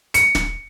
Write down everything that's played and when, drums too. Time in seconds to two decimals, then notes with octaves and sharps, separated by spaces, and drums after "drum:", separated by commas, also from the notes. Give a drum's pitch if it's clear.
0.14 C#7, drum: hi-hat
0.35 drum: snare